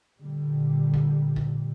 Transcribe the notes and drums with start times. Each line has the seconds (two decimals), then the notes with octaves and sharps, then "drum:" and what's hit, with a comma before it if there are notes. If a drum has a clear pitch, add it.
0.19 A#2 D3 G3
0.94 drum: kick
1.36 drum: kick